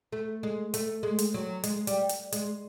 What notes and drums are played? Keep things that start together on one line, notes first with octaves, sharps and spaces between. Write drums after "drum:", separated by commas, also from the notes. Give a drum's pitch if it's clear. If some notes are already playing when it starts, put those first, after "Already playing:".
A3
G#3
A3, drum: hi-hat
G#3
drum: hi-hat
F#3
G#3, drum: hi-hat
G3, drum: hi-hat
drum: hi-hat
G#3, drum: hi-hat